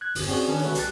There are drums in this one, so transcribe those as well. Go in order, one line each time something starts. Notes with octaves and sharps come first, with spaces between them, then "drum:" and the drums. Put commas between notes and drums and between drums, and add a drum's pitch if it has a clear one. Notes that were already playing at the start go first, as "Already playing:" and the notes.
F#6 G#6
G1 E2, drum: open hi-hat
C4 C#4 F#4 G#4 D5
D#3 C#4 D4 B4
D3 A3 C#4 F#4 A4 B4
C2 F#3 G4 A5 F#6 A6, drum: hi-hat